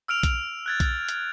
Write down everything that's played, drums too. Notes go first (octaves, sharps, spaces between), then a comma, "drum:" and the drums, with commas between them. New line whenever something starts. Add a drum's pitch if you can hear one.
E6 F6 D7 F7
drum: kick B1, hi-hat
F#6 G#6 A6
drum: kick B1, hi-hat
drum: hi-hat